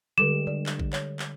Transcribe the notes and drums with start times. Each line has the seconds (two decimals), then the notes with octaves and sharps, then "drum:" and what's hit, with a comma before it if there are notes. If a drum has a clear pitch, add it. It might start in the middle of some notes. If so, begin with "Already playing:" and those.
0.18 D3 G3 G#3 A4 D6 E7
0.47 D3 D5
0.66 drum: clap
0.80 drum: kick A1
0.93 C#5, drum: clap
1.19 drum: clap